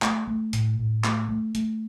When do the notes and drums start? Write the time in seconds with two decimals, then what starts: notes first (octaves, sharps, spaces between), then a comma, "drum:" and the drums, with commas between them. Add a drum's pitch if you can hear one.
0.02 A3, drum: clap
0.27 A3
0.53 A2, drum: hi-hat
0.79 A2
1.04 A3, drum: clap
1.29 A3
1.55 A3, drum: hi-hat